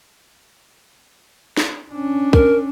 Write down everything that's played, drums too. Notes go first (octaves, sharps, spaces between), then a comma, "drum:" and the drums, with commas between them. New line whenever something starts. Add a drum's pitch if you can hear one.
drum: snare
C#4 D4
A#4, drum: kick